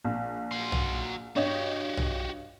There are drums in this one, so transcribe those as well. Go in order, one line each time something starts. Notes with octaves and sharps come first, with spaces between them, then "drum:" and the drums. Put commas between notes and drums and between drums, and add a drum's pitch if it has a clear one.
A#1
F#3 C6
drum: tom B1
G2 F#4 G4 C#5 D#5
drum: tom B1